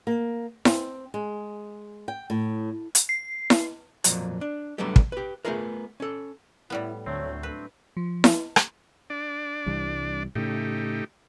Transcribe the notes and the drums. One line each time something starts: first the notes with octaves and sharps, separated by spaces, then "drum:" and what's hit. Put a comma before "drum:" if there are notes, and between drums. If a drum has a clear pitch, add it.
A#3
C4, drum: snare E4
G#3
G5
A2
drum: hi-hat
C7
drum: snare E4
F2 A#2 F3 F#3 F#5 A#5, drum: hi-hat
D4
D3 F#3 G3 A3 B3 G4
drum: kick
G4 B4
A3 B3 C#4 F4 G#4 A#4
C#4 A4
A2 G3 B3 E4
D2 F#3 A3 C4 C#5
D4 B4
F3
drum: snare E4
drum: rim click
D4 D5
C2 E3 G3
A2 C#3 A3 D#4 G4